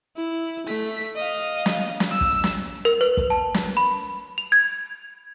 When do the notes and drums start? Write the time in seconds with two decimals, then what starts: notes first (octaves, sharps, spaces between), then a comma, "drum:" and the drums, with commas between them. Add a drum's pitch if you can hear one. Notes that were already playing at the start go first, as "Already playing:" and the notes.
0.17 E4
0.66 A3 B6
1.16 D#5 F5
1.66 drum: snare
2.00 drum: snare
2.10 E6
2.21 drum: kick
2.44 drum: snare
2.85 A#4
3.01 B4
3.17 drum: kick
3.30 A5
3.54 drum: snare
3.77 B5
4.38 F7
4.52 G#6